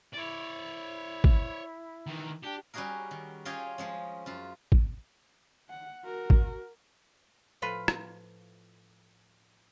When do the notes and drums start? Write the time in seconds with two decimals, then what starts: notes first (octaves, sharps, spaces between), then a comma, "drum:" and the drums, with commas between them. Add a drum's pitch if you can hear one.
0.14 E4 C#5 D5
1.24 drum: kick
2.06 D#3 E3
2.43 D4 G4
2.74 G3 C#4 D#4 F#4 G#4 A#4
3.11 D#3
3.45 C#4 F4 G4 G#4 C#5 D#5
3.78 F3 G#3 C#4
4.26 F#2 F4
4.72 drum: kick
5.69 F#5
6.05 F#4 A#4
6.30 drum: kick
7.62 A2 F3 F4 B4
7.88 drum: rim click